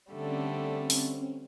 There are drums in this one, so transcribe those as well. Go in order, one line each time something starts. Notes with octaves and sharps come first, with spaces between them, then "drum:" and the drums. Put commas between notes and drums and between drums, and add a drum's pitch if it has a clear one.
D3 G3 A3 C4 C#4
drum: open hi-hat